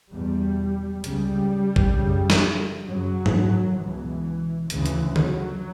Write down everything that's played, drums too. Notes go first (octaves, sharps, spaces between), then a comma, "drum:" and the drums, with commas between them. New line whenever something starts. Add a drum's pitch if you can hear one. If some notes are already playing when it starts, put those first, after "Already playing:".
E2 B2 G3
C#2 C#3 G3, drum: hi-hat
drum: kick A#1
F#2 C#3
drum: snare
F#2 C#3 F#3
drum: tom
C#2 B2 E3
D2 C#3 E3, drum: hi-hat
drum: hi-hat
F#3, drum: tom D3